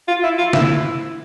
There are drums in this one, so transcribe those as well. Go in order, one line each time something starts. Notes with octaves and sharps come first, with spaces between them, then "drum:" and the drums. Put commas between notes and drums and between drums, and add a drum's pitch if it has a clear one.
F4
E4
F4
E4, drum: snare